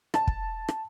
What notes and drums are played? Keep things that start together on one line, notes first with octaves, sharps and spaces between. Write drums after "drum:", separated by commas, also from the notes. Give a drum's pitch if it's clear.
A5, drum: rim click
drum: kick
drum: rim click